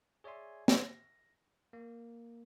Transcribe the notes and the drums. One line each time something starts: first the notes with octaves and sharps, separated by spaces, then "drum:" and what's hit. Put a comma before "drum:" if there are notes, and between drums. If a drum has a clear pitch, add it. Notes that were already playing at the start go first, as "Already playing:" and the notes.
G#4 C#5 D5 E5 G#5 C6
A#6, drum: snare
A#3